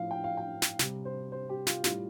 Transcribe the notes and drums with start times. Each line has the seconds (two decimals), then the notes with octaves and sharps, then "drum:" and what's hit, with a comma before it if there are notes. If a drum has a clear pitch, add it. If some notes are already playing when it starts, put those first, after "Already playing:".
Already playing: A2 F3 F5
0.11 G5
0.24 F5
0.37 G5
0.62 drum: snare
0.79 C3 G3, drum: snare
1.05 C5
1.32 C5
1.49 G4
1.67 F4, drum: snare
1.84 A2 G3 F4, drum: snare